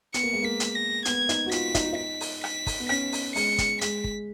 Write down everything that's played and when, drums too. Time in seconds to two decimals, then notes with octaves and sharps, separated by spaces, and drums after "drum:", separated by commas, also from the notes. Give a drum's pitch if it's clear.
0.14 B3 C#7, drum: hi-hat
0.23 A#3
0.33 G#3
0.42 A#3 B6
0.60 drum: hi-hat
0.75 A#6
1.05 B3 G#6, drum: hi-hat
1.29 D#4, drum: hi-hat
1.46 F#4
1.51 F4 B6, drum: hi-hat
1.75 D#4, drum: kick, hi-hat
1.84 F4
1.93 D#4 B6
2.21 drum: open hi-hat
2.44 B6, drum: rim click
2.67 drum: kick, open hi-hat
2.80 B3
2.89 C#4 B6, drum: rim click
3.12 drum: open hi-hat
3.35 G#3 C#7, drum: open hi-hat
3.58 drum: kick, hi-hat
3.81 G#3 B6, drum: hi-hat
4.04 drum: kick